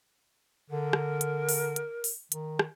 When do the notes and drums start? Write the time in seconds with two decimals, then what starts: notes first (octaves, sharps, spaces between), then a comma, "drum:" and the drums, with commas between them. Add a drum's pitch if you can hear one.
0.70 D3 A#4
0.93 drum: rim click
1.21 drum: hi-hat
1.49 drum: open hi-hat
1.76 drum: hi-hat
2.04 drum: open hi-hat
2.32 D#3, drum: hi-hat
2.59 drum: rim click